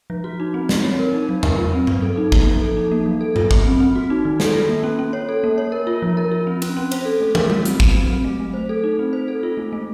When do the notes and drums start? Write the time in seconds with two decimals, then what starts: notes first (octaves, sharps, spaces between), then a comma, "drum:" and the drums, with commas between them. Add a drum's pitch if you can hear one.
0.10 F3
0.24 F#4
0.40 D#4
0.54 C4
0.69 C4, drum: snare
0.84 C#5
0.99 A#4
1.14 D#4
1.29 F#3
1.43 A#4, drum: tom E2
1.57 F4
1.73 C4
1.87 F#3, drum: tom G2
2.02 A4
2.17 D#4
2.32 A#3, drum: kick
2.47 F3
2.61 A4
2.77 D#4
2.91 A#3
3.06 F#3
3.21 A4
3.36 F4, drum: tom G2
3.51 A#3, drum: kick
3.65 C4
3.80 C4
3.95 F#4
4.10 D#4
4.25 D#3
4.40 A4, drum: snare
4.54 F4
4.69 A#3
4.84 C#4
4.99 C#4
5.13 C#5
5.29 A4
5.44 A#3
5.58 C#5
5.72 A#4
5.87 F4
6.02 F3
6.17 A#4
6.31 F4
6.47 C4
6.62 C#4, drum: cymbal
6.77 C#4
6.91 C5, drum: cymbal
7.05 A4
7.20 A3
7.35 A#4, drum: tom
7.50 F#4, drum: tom G3
7.65 C4, drum: hi-hat
7.80 F#3, drum: kick
7.94 F#3
8.10 C4
8.24 A3
8.40 A3
8.54 C5
8.69 A4
8.84 D#4
8.99 C4
9.13 C5
9.28 A4
9.43 F4
9.57 A3
9.73 A3